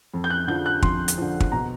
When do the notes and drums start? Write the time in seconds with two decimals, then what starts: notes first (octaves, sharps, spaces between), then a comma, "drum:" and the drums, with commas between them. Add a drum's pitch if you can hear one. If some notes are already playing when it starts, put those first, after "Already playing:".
0.14 F2
0.24 G6
0.30 F#6
0.47 D3 F3 G6
0.66 F#6
0.82 F2 C6, drum: kick
1.08 drum: hi-hat
1.18 D3 F3
1.40 drum: kick
1.52 B2 A#5